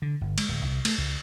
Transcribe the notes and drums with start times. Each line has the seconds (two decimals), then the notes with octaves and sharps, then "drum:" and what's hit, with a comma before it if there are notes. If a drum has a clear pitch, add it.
0.02 D3
0.21 G1
0.38 G#3, drum: cymbal
0.49 D1
0.64 C2
0.85 A3, drum: cymbal
0.98 C#2